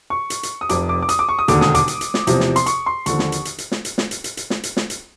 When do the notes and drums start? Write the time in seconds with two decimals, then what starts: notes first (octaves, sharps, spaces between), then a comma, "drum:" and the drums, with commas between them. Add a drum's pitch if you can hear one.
0.10 C#6
0.30 drum: hi-hat
0.43 drum: hi-hat
0.61 D#6
0.69 F1 F2 C3 D6, drum: hi-hat
0.89 D6
1.03 D6
1.09 D#6, drum: hi-hat
1.19 D6
1.29 C#6
1.39 D#6
1.48 E1 D#2 D3 D6, drum: hi-hat
1.61 D#6, drum: snare
1.75 D6, drum: hi-hat
1.88 drum: hi-hat
2.01 drum: hi-hat
2.14 drum: snare
2.27 E2 C3 F3, drum: hi-hat
2.40 drum: snare
2.56 C6, drum: hi-hat
2.66 C#6, drum: hi-hat
2.86 C6
3.06 D#2 D3 F3 C#6, drum: hi-hat
3.19 drum: snare
3.32 drum: hi-hat
3.45 drum: hi-hat
3.58 drum: hi-hat
3.72 drum: snare
3.85 drum: hi-hat
3.98 drum: snare
4.11 drum: hi-hat
4.24 drum: hi-hat
4.37 drum: hi-hat
4.50 drum: snare
4.63 drum: hi-hat
4.77 drum: snare
4.90 drum: hi-hat